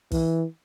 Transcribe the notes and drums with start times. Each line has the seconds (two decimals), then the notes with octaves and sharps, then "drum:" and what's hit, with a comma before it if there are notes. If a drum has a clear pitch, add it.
0.11 E3, drum: kick, open hi-hat